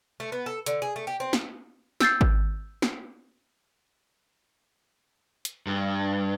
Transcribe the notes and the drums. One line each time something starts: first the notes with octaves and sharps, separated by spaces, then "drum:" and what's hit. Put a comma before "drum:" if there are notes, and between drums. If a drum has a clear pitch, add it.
A3
B3
A4
D3, drum: hi-hat
G#4
A3
G4
C4
drum: snare
E6 G6 A6 C7, drum: snare
drum: kick G#1
drum: snare
drum: hi-hat
G2